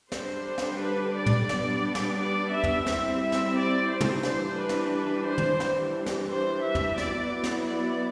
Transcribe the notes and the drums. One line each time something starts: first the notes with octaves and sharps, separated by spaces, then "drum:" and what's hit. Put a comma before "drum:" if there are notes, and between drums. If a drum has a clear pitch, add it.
D3 G3 D4 C5, drum: snare
drum: snare
B4
D5
drum: tom
G3 B3 D4 D5, drum: snare
drum: snare
D5
E5
drum: tom E2
G3 C4 E4 E5, drum: snare
E5
drum: snare
D5
C5
drum: tom
E3 G3 D4 C5, drum: snare
B4
drum: snare
B4
C5
drum: tom
E3 G3 D4, drum: snare
drum: snare
C5
E5
drum: tom E2
F#3 B3 E4 D5, drum: snare
drum: snare
D5